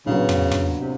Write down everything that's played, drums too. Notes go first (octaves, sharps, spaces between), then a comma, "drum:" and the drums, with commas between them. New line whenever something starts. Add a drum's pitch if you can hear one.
A#1 A2 C#3 F#3 B3
drum: tom
drum: tom
C3